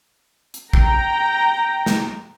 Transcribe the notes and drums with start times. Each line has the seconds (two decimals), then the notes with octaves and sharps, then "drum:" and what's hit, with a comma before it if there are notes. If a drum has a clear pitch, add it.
0.54 drum: hi-hat
0.73 G5 A#5, drum: kick
1.86 drum: snare